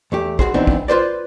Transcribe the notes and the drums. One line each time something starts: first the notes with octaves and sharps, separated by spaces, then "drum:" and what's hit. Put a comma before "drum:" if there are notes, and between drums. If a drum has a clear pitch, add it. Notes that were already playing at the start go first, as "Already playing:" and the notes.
E2 A3 G4
B1 F#4 G#4 C5, drum: kick
F2 E3 B3 C4 D4 D#4
drum: kick
F4 B4 C5 D5